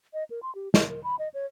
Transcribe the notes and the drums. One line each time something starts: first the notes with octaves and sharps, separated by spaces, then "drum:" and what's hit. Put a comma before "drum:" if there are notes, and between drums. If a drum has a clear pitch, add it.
D#5
A#4
C6
G4
A#4, drum: snare
A#4
B5
D#5
C#5